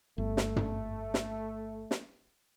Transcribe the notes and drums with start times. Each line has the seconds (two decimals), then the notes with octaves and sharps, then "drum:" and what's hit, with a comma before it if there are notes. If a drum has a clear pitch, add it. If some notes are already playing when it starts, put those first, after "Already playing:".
0.18 G1 A3
0.37 drum: snare
0.56 drum: tom
1.14 drum: snare
1.91 drum: snare